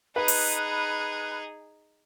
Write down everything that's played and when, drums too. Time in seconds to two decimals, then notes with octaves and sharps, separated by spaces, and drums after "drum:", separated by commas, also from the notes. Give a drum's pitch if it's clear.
0.16 D#4 G#4 B4 B5 F#6
0.28 drum: open hi-hat